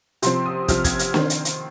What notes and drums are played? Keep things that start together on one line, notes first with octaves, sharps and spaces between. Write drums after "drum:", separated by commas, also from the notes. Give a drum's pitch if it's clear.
C3 F3 C4 C6, drum: hi-hat
D#6
C3 F3 C4 F6, drum: kick, hi-hat
G#6, drum: kick, hi-hat
F6, drum: hi-hat
D#3 C4, drum: snare
drum: hi-hat
drum: hi-hat